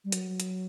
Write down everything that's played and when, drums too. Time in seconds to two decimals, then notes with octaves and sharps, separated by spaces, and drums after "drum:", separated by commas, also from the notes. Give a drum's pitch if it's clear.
0.05 G3
0.12 F#3, drum: hi-hat
0.40 drum: hi-hat